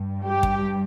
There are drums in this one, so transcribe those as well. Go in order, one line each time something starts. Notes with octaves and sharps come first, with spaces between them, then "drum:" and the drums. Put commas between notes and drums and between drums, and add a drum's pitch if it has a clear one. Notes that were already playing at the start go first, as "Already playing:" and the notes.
Already playing: G2 G3
G4
drum: kick